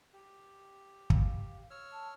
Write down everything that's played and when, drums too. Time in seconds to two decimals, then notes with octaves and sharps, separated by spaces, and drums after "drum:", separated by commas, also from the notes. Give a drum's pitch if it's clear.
0.13 G4
1.10 F5, drum: kick
1.70 C#5 E6 F6
1.92 A5